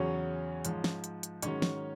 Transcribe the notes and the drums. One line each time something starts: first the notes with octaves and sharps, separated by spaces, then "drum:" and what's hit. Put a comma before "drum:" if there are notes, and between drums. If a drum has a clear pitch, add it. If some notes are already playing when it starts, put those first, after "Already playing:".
Already playing: E2 C#3 F#3 C#4 C#5
G#2 F3, drum: hi-hat
drum: snare
drum: hi-hat
drum: hi-hat
G#2 D#3 F#3 C#4 C#5, drum: hi-hat
drum: snare